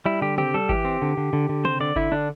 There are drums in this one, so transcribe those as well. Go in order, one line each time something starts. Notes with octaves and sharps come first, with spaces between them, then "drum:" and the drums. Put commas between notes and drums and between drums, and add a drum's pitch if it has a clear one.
G3 E4
D3 G4
C4 G4, drum: tom C3
G3 A4
E3 G4, drum: kick G1
C4
D3
D3
D3
D3
C4 C5, drum: tom C3
D3 D5
D3 E4, drum: kick G1
D3 D4